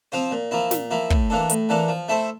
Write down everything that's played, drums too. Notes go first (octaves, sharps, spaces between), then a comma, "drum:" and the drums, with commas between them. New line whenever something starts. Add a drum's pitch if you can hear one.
F3 C4 F4 C5
A#2
F3 A#3 E4
A#2, drum: snare
F3 A#3 E4
A2, drum: kick
E3 A#3 D4 A4
A2, drum: hi-hat
E3 A#3 D4 A4
F3
A3 E4 A4 C5